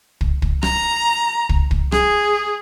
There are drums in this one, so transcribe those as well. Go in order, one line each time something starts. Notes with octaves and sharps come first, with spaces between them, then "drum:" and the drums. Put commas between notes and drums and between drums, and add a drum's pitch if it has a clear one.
drum: kick
drum: kick
A#5, drum: rim click
drum: kick
drum: kick
G#4, drum: rim click